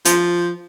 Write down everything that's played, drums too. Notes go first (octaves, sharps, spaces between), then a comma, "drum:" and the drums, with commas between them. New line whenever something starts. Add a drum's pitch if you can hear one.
F3, drum: hi-hat